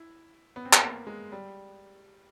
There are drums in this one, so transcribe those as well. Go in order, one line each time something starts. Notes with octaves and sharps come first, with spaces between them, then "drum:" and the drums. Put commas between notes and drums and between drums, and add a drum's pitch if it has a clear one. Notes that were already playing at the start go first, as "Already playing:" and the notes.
Already playing: E4
B3
C4
B3, drum: clap
A#3
G#3
G3